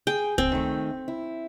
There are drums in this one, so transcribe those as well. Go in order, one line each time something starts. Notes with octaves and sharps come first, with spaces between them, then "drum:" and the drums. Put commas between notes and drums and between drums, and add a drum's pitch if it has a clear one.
G#4 G5
C4, drum: kick
D#3 A3
E4